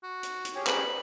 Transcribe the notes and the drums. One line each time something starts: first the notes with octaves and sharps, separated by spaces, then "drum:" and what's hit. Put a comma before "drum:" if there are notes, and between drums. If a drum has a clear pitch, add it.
F#4
drum: hi-hat
drum: hi-hat
C#4 G4 G#4
B4 C5 B5 F#7, drum: clap